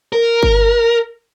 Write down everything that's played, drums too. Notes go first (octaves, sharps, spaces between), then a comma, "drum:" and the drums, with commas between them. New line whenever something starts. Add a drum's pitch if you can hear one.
A#4
drum: kick G1